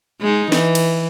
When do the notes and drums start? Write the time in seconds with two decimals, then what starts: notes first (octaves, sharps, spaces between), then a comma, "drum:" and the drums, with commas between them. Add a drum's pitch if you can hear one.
0.21 G#3 D#4
0.52 E3, drum: snare
0.75 drum: cymbal